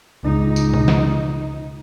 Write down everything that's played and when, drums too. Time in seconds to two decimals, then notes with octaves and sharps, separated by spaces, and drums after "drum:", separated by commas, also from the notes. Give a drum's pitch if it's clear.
0.23 C#2 D#4
0.56 drum: tambourine
0.74 drum: tom B2
0.88 drum: snare